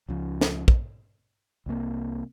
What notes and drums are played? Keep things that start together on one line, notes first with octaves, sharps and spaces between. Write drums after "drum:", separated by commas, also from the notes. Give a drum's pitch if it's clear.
C#2 C#3 F3
drum: snare
drum: kick
C2 C3 F3 A#3